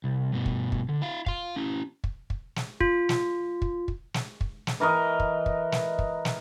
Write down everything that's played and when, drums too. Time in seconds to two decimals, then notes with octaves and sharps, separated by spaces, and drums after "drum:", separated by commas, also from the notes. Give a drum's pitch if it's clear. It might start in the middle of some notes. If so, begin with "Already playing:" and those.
0.04 C2
0.34 G2 B2
0.46 drum: kick
0.72 drum: kick
0.89 D3
1.02 E4 F5
1.26 F5 C6, drum: kick
1.56 C#4 E4
2.04 drum: kick
2.30 drum: kick
2.56 drum: snare
2.81 F4, drum: kick
3.09 drum: snare
3.62 drum: kick
3.88 drum: kick
4.14 drum: snare
4.41 drum: kick
4.67 drum: snare
4.80 E3 A#4 B4 D#5
5.20 drum: kick
5.46 drum: kick
5.72 drum: snare
5.99 drum: kick
6.25 drum: snare